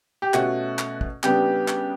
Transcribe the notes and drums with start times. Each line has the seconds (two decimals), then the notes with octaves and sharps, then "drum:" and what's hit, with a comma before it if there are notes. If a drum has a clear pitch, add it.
0.22 G4
0.34 B2 A3 C#4 F#4, drum: clap
0.79 drum: clap
1.01 drum: kick
1.23 C#3 G3 B3 D4 G4, drum: clap
1.68 drum: clap